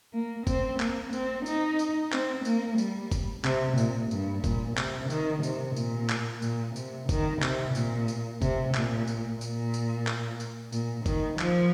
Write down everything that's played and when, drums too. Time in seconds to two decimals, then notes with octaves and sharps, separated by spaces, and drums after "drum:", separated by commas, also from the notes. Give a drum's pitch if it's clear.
0.13 A#3
0.47 C4, drum: kick, tambourine
0.80 A#3, drum: clap
1.13 C4, drum: tambourine
1.46 D#4, drum: tambourine
1.79 drum: tambourine
2.12 C4, drum: clap
2.45 A#3, drum: tambourine
2.78 G3, drum: tambourine
3.12 drum: kick, tambourine
3.45 C3, drum: clap
3.78 A#2, drum: tambourine
4.11 G2, drum: tambourine
4.44 A#2, drum: kick, tambourine
4.77 C3, drum: clap
5.10 D#3, drum: tambourine
5.43 C3, drum: tambourine
5.76 A#2, drum: tambourine
6.09 drum: clap
6.42 A#2, drum: tambourine
6.76 C3, drum: tambourine
7.09 D#3, drum: kick, tambourine
7.42 C3, drum: clap
7.75 A#2, drum: tambourine
8.08 drum: tambourine
8.42 C3, drum: kick, tambourine
8.74 A#2, drum: clap
9.07 drum: tambourine
9.41 A#2, drum: tambourine
9.74 drum: tambourine
10.07 drum: clap
10.40 drum: tambourine
10.72 A#2, drum: tambourine
11.06 D#3, drum: kick, tambourine
11.39 F3, drum: clap